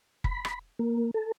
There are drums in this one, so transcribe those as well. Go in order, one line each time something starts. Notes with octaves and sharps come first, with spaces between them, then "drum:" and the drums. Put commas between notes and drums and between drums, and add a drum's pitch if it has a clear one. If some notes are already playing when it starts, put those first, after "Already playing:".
B5, drum: kick F#1
drum: rim click
A#3
A4